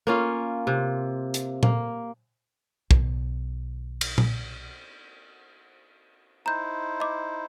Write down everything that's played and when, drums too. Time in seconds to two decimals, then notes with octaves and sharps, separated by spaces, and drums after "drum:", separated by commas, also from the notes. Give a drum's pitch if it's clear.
0.07 A#3 C#4 F4
0.67 C3
1.34 drum: hi-hat
1.63 A#3, drum: tom A#2
2.91 B1 D#3, drum: kick
4.01 drum: cymbal
4.18 drum: tom A#2
6.46 D#4 E4 C5 A#5 G6
7.00 D#5 D6